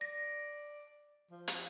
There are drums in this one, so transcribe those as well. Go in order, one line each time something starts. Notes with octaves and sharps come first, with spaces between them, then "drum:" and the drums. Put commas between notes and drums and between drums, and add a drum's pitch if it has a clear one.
D5 A#6
F3
drum: hi-hat